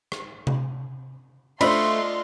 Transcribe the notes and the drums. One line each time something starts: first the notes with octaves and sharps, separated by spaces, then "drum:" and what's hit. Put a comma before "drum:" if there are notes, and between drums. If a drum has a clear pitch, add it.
drum: rim click
drum: tom C3
A3 D4 F4 C5 D#5 B5 C6, drum: cymbal